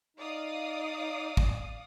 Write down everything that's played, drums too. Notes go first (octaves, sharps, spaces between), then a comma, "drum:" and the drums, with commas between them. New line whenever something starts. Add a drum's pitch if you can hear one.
D#4 D5 F5 D#6
drum: kick